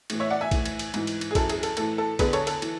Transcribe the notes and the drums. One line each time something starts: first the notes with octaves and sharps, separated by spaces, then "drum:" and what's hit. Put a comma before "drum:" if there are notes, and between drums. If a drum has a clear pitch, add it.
A2 E3, drum: cymbal
C#5 E5
D5 F#5
E5 G#5
A2 E3, drum: kick, cymbal
drum: cymbal
drum: cymbal
G#2 E3, drum: cymbal
drum: cymbal
drum: cymbal
G#4
F#2 E3 A4, drum: kick, cymbal
G#4, drum: cymbal
A4, drum: cymbal
A2 E3 A4, drum: cymbal
A4
E2 D3 G#4 B4, drum: kick, cymbal
A4 C#5, drum: cymbal
A4, drum: cymbal
E3, drum: cymbal